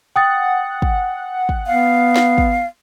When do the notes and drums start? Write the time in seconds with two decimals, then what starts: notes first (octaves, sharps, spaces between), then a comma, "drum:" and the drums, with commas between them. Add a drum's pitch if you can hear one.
0.16 F#5 G5 D#6 A6
0.82 drum: kick
1.49 drum: kick
1.67 B3 F5
2.16 drum: snare
2.38 drum: kick